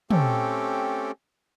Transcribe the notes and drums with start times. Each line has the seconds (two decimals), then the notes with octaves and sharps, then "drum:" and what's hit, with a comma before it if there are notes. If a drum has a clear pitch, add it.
0.11 A3 C4 C#4 G4 A4, drum: tom